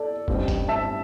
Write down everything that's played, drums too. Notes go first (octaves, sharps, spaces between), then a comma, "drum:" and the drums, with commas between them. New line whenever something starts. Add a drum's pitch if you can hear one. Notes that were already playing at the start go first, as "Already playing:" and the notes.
Already playing: A4 D5
A1 G2 G3 C4, drum: kick
drum: kick, hi-hat
E5 A5